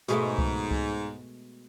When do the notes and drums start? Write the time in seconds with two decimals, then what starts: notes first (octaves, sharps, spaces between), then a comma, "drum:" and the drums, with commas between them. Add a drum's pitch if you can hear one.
0.08 G#2 B2 G#3 A3, drum: hi-hat
0.38 drum: kick C2
0.71 drum: kick C2